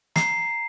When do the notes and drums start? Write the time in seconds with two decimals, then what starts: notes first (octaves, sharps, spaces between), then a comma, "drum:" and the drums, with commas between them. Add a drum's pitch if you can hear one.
0.16 A#5 C7, drum: snare